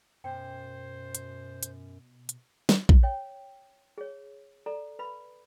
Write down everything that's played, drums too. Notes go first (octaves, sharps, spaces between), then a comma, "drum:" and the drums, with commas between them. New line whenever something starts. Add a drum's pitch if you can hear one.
F#2 B2 C5 G5
drum: hi-hat
drum: hi-hat
drum: hi-hat
drum: snare
drum: kick A#1
C#5 G5
G#4 C#5
A4 D5 A#5
B4 B5